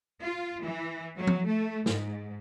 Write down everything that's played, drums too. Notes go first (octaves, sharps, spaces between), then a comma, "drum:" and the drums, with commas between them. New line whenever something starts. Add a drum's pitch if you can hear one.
F4
E3
F#3
drum: tom F3
A3
G#2, drum: snare